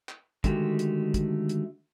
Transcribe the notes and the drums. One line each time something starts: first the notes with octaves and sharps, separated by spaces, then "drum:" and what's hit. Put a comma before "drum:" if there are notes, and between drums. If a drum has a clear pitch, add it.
drum: clap
D3 D#3 G#3 A3 F#4 G4, drum: kick, hi-hat
drum: hi-hat
drum: kick, hi-hat
drum: hi-hat